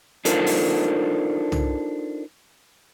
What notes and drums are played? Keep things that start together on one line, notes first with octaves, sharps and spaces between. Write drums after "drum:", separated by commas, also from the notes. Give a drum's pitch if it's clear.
D4 D#4 F4 A4 A#4 C5, drum: hi-hat
drum: open hi-hat
drum: tom